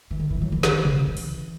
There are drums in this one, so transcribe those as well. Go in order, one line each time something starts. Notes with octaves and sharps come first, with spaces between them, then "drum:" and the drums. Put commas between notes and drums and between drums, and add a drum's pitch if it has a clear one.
E3
D#3
E3
F#3
E3
D#3, drum: snare
C#3, drum: tom B2
E3
drum: open hi-hat